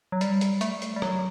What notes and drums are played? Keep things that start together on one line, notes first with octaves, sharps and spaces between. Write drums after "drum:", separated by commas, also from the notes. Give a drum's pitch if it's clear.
F#3
G3, drum: hi-hat
drum: hi-hat
A3, drum: hi-hat
drum: hi-hat
G3
F#3, drum: rim click